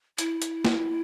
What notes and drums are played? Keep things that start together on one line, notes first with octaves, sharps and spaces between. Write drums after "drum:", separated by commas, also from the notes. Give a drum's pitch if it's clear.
E4, drum: hi-hat
drum: hi-hat
drum: snare